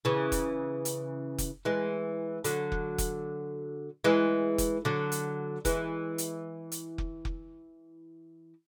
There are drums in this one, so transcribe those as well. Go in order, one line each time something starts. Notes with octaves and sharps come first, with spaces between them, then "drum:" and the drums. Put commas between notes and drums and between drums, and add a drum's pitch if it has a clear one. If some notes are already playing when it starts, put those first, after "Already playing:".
C#3 E3
drum: kick F1, hi-hat
drum: hi-hat
drum: kick F1, hi-hat
E3 G#3
D3 F#3, drum: hi-hat
drum: kick F1
drum: kick F1, hi-hat
E3 G#3
drum: kick F1, hi-hat
D3 F#3
drum: hi-hat
E3 G#3, drum: kick F1, hi-hat
drum: hi-hat
drum: hi-hat
drum: kick F1
drum: kick F1